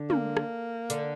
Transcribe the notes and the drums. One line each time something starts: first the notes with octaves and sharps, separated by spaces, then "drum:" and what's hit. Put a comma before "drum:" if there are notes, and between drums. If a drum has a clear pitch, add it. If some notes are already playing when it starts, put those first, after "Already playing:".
Already playing: D3
A#3, drum: tom
drum: rim click
D3, drum: hi-hat